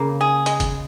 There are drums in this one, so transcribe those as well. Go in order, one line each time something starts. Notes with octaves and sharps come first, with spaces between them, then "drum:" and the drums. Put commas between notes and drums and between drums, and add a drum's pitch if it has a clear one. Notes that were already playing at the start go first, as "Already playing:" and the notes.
Already playing: C#3 A#3
G#4
G#3, drum: hi-hat
drum: kick, hi-hat